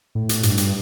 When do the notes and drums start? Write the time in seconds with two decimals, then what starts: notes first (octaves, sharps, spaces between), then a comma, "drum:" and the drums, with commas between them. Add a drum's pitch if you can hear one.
0.15 A2
0.29 drum: hi-hat
0.43 G2, drum: hi-hat
0.58 drum: hi-hat